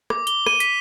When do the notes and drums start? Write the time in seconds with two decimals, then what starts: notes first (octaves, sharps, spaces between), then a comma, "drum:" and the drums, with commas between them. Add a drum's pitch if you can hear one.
0.10 D6, drum: rim click
0.27 G7, drum: hi-hat
0.46 D#7, drum: rim click
0.60 B6, drum: hi-hat